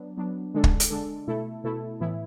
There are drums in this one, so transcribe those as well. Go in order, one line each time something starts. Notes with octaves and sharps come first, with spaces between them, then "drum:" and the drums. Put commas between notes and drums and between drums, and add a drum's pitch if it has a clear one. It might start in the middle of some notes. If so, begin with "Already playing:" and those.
Already playing: F#3 B3 D4
F#3 B3 D4
D3 G#3 D4 A4
drum: kick
drum: hi-hat
D3 G#3 D4 A4
B2 A3 E4 A4
B2 A3 E4 A4
A2 E3 B3 E4